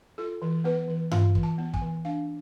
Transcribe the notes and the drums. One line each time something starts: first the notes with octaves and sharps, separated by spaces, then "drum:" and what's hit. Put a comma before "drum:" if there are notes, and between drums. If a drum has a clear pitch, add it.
F4 A4
E3
B3 B4
E3
F4 F5, drum: tom G2
E3, drum: kick
A5
B3
G#5, drum: kick
E3
D4 F5